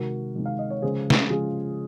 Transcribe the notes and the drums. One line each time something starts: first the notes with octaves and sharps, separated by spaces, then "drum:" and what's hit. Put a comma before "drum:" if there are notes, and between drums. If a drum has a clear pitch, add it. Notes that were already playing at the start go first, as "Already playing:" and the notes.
Already playing: C3 D#3 G#3 F#4 A#4
C3 D#3 G#3
F5
D#5
C#5
C#3 F3 G#3 G#4 C5
drum: snare
C#3 F3 G#3 F4 G#4